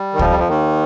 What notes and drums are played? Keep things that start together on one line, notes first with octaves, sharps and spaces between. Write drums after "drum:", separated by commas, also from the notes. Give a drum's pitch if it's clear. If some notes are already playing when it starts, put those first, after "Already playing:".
Already playing: G3
D#3
F2 F3, drum: kick
G3
F3
D#2 D#3